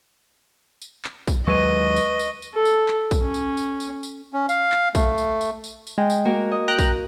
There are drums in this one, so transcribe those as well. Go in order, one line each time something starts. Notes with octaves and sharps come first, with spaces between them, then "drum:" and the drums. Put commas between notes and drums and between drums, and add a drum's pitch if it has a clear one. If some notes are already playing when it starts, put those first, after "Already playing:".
drum: tambourine
drum: clap
drum: kick, tambourine
D#2 F#3 G#3 B4 D#5 C#6 D#7
drum: tambourine
drum: tambourine
drum: tambourine
A4
drum: tambourine
drum: clap
drum: kick, tambourine
C#4
drum: tambourine
drum: tambourine
drum: tambourine
drum: tambourine
C#4
F5, drum: tambourine
drum: clap
A3, drum: kick, tambourine
drum: tambourine
drum: tambourine
drum: tambourine
drum: tambourine
G#3 G5
drum: tambourine
A#3 F#4 A#4
D#5
G5 A#5 F#6
drum: kick, tambourine